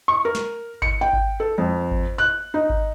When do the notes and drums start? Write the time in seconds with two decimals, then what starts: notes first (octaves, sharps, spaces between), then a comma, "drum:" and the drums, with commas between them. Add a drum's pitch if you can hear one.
0.08 C#6
0.25 A#4
0.35 drum: snare
0.82 C#7, drum: kick G#1
1.01 G5
1.13 drum: kick G#1
1.40 A4
1.58 F2
1.91 drum: kick G#1
2.18 F#6
2.54 D#4
2.70 drum: kick G#1